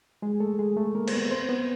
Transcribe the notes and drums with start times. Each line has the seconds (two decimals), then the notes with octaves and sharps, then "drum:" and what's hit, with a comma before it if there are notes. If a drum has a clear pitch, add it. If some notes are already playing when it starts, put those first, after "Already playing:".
0.22 G#3 G#4
0.40 A3 A4
0.59 G#3 G#4
0.76 A3 A4
0.95 A#3 A#4
1.08 C5, drum: cymbal
1.13 B3 B4
1.31 C4 C5
1.49 B3 B4